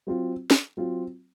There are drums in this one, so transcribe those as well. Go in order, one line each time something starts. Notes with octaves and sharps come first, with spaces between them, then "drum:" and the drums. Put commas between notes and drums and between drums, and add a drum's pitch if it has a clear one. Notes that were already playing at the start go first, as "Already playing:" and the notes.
F#3 C4 F4
drum: snare
F#3 C4 F4